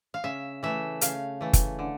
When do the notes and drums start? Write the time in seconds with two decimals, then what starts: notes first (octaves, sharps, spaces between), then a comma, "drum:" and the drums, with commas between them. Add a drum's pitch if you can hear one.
0.14 F5
0.24 C#3 E5
0.63 E3 A3 E5
1.01 C#3 F5, drum: hi-hat
1.41 E3 A3
1.53 drum: kick F#1, hi-hat
1.79 D3